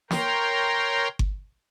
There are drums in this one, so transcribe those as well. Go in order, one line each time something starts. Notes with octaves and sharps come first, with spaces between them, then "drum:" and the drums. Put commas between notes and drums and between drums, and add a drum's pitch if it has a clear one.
A#4 C#5 G5 A#5 C6, drum: snare
drum: kick G1